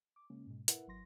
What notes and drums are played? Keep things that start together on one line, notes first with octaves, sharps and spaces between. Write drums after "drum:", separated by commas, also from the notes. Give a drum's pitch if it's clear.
D6
C#3 G#3 A#3 C#4
G#2 B2 G#3
E4 A#4 B4 E5 F#5, drum: hi-hat
G#1 F#3 C6 A#6